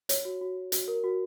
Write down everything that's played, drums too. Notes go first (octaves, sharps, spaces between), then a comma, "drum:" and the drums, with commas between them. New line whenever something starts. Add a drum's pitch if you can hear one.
C#5, drum: hi-hat
F#4
F#4
F#4
F#4, drum: hi-hat
A#4
F#4